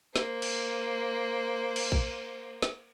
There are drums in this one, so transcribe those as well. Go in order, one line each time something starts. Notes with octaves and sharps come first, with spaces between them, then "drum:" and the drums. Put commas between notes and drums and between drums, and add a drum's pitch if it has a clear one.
A#3 C5, drum: snare
drum: cymbal
drum: cymbal
drum: kick A#1
drum: snare